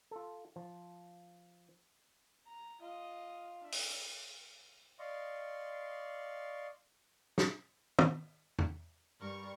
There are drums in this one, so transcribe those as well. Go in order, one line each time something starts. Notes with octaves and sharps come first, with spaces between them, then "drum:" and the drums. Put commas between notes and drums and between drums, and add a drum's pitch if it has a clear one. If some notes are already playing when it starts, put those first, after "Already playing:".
F4 A4
F3
A#5
F4 D#5
D4 E5
drum: open hi-hat
D5 D#5 F5 C6 C#6
drum: snare
drum: tom
drum: tom
G2 G3 A#4 C#6